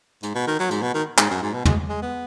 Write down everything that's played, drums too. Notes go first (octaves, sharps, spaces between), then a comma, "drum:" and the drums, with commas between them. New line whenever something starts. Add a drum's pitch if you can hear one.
G#2, drum: hi-hat
B2
D#3
F#3
G#2, drum: hi-hat
B2
D#3
G#2, drum: clap
F#2
G#2
B2
G#3, drum: tom
G#3
B3